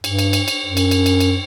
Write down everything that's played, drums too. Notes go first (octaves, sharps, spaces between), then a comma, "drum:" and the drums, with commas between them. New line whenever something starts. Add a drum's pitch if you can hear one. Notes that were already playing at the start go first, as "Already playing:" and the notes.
G2, drum: cymbal
drum: cymbal
drum: cymbal
drum: cymbal
F#2
drum: cymbal
drum: cymbal
drum: cymbal
drum: cymbal